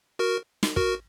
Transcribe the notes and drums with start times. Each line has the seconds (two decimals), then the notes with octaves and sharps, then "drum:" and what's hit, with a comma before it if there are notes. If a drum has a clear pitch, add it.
0.19 F#4 A#4
0.63 drum: snare
0.76 F#4 A#4, drum: kick